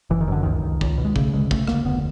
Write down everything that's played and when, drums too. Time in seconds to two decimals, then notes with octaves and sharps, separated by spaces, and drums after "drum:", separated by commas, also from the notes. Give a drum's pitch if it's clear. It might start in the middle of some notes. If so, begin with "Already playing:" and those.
0.10 F#1 E3
0.21 D#3
0.28 F#2 D3
0.43 C#2 D#3
0.63 C#2
0.81 C#2, drum: kick
0.98 B2
1.05 G#3
1.16 C#3 A3, drum: kick
1.33 D2 G#3
1.51 D2 A3, drum: kick
1.67 D2 A#3, drum: rim click
1.85 F1 B3